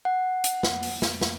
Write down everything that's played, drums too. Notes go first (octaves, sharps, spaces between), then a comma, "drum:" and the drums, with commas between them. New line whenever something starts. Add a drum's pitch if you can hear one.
F#5
drum: hi-hat
drum: snare
drum: open hi-hat
drum: snare
drum: snare